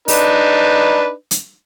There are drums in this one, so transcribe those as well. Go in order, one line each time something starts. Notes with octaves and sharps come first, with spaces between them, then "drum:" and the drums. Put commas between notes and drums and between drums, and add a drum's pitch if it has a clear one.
D4 D#4 B4, drum: open hi-hat
drum: hi-hat